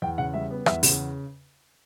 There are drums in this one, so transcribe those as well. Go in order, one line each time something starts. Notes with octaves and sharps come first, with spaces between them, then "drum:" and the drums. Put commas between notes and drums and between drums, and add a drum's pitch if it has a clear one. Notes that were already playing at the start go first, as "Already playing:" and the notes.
E2 G5
C#3 F#5
G3 E5
B3
E2 E5, drum: rim click
C#3, drum: open hi-hat